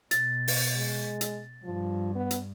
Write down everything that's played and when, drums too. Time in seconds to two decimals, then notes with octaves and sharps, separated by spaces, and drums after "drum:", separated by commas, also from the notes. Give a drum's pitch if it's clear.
0.11 B2 A6, drum: hi-hat
0.48 drum: open hi-hat
0.75 G#3
1.21 drum: hi-hat
1.65 G2 F3
2.15 B3
2.31 drum: hi-hat